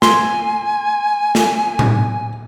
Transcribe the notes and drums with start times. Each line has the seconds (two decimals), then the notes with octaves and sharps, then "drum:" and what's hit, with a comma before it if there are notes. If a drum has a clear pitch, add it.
0.02 G#5 C6, drum: snare
1.35 drum: snare
1.79 drum: tom A2